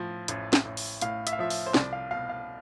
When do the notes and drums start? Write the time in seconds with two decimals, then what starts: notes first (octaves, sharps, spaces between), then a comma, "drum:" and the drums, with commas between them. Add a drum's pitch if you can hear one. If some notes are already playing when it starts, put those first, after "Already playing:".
Already playing: A2 F3
0.28 A1, drum: hi-hat
0.53 drum: snare
0.65 A1
0.77 drum: open hi-hat
1.01 A2 F5, drum: hi-hat
1.27 E5, drum: hi-hat
1.33 F5
1.39 F3 E5
1.50 drum: open hi-hat
1.66 C5
1.74 C2 D5, drum: snare
1.93 F5
2.11 B2 F5
2.29 F5